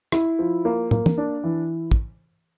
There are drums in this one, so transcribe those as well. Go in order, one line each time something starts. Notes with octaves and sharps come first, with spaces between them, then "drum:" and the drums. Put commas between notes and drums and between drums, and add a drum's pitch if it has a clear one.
E4, drum: rim click
F3
A#3
A#3, drum: tom
drum: tom
D4
E3
drum: kick